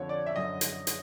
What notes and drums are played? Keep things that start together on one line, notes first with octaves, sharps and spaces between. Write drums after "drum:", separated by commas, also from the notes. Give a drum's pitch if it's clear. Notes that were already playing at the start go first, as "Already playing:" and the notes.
Already playing: F2 D3 F3 C#5
D5
E5
F#2 D3 F#3 D#5
drum: hi-hat
drum: hi-hat